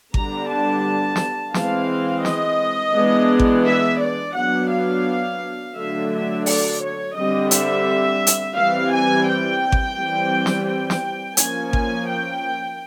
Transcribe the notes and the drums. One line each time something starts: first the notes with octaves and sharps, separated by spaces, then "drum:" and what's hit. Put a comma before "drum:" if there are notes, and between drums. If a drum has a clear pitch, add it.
D3 G3 B3 D4 A#5, drum: kick G#1
A5
drum: snare
E3 G#3 C4 F5, drum: snare
D#5, drum: snare
E3 G#3 B3 D4
drum: kick G#1
E5
D5
F#3 B3 D4 F#5
F5
D3 F#3 A3 E5
E5
D5, drum: open hi-hat
C#5
D3 G3 C4 D#5
E5, drum: hi-hat
drum: hi-hat
E3 G3 C4 F5
G#5
G5
drum: kick G#1
E3 G3 C4
drum: snare
G5
drum: snare
F3 A#3 C#4 G#5, drum: hi-hat
G#5, drum: kick G#1
G5